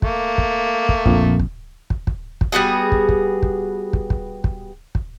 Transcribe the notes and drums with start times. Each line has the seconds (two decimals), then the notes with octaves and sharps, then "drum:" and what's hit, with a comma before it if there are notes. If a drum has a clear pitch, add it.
0.02 A3 A#3, drum: kick
0.38 drum: kick
0.89 drum: kick
1.06 A#1 F2, drum: kick
1.40 drum: kick
1.90 drum: kick
2.07 drum: kick
2.41 drum: kick
2.52 G3 B3 F#4 G#4
2.92 drum: kick
3.09 drum: kick
3.43 drum: kick
3.93 drum: kick
4.10 drum: kick
4.44 drum: kick
4.95 drum: kick